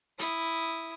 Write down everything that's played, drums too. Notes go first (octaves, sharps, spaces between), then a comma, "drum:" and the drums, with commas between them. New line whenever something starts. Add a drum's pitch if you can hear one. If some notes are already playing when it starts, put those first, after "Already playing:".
E4 D#6, drum: hi-hat